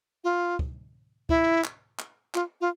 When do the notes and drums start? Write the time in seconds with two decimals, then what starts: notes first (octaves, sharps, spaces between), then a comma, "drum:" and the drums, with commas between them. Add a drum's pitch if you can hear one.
0.24 F4
0.59 drum: kick
1.29 E4, drum: kick
1.64 drum: clap
1.99 drum: clap
2.35 F4, drum: clap
2.61 F4